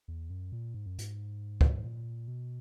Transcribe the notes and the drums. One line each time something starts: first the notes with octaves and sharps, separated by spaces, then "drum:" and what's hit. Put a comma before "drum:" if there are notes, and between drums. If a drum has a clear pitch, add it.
E2
F#2
A#2
G#2
F#2
G#2, drum: hi-hat
drum: kick
A#2
B2